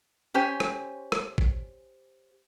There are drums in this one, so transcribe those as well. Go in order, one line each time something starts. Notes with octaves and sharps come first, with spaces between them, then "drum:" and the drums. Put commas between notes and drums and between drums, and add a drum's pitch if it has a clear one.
C#4 G4 C5 G#5
drum: rim click
drum: rim click
drum: kick G#1